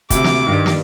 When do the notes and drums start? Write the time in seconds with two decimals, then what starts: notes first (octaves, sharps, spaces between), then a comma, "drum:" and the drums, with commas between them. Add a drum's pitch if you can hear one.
0.10 D2 C3 D6, drum: kick, hi-hat
0.24 drum: snare
0.47 G2 D#3
0.66 drum: snare